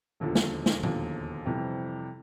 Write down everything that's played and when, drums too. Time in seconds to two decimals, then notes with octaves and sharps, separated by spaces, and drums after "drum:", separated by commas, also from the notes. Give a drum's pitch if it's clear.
0.20 E1 D#2 D3 F3
0.35 drum: snare
0.66 drum: snare
0.83 E1 D#2 D3 F3, drum: tom
1.46 F2 C3 E3 G3